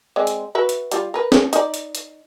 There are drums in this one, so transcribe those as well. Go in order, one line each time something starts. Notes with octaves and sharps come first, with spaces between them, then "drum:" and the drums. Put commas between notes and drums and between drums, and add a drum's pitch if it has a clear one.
G#3 C4 D5
drum: hi-hat
F#4 B4 E5
drum: hi-hat
G3 F4, drum: hi-hat
A#4 B4
drum: snare C#4
D#4 D5, drum: hi-hat
drum: hi-hat
drum: hi-hat